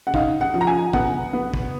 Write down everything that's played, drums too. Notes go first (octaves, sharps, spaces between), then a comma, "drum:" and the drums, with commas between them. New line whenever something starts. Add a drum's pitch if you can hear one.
F#5
D#4 F5, drum: kick
F#5
F3
A#5
G#5
B3 F#5, drum: kick
B3
drum: kick